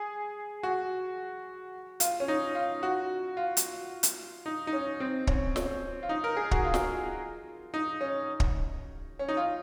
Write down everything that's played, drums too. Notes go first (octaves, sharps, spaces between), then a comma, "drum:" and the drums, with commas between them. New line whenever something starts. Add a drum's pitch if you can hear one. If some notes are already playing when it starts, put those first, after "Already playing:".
Already playing: G#4
F#4
F4, drum: hi-hat
C#4
D#4
F4
F#4
F4
drum: hi-hat
drum: hi-hat
D#4
D#4
C#4
C4
C#4, drum: kick
C#4, drum: snare
F4
D#4
A#4
G#4
F#4, drum: kick
F4
drum: snare
D#4
C#4
drum: kick
C#4
D#4
F4